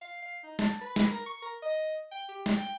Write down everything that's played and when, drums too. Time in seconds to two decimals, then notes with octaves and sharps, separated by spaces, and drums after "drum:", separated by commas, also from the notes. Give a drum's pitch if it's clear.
0.02 F5
0.23 F5
0.43 D#4
0.59 A5, drum: snare
0.81 B4
0.96 drum: snare
1.11 A#4
1.26 C#6
1.42 A#4
1.62 D#5
2.12 G5
2.29 G4
2.46 drum: snare
2.57 G5